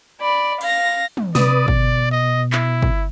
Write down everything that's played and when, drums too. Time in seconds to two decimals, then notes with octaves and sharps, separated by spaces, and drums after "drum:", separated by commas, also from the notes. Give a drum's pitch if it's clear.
0.21 D5 B5
0.61 F5 A#6, drum: cymbal
1.17 drum: tom
1.35 C3 B4 D5 D#6, drum: snare
1.68 B2, drum: kick
2.12 D#5
2.53 E4, drum: clap
2.82 drum: kick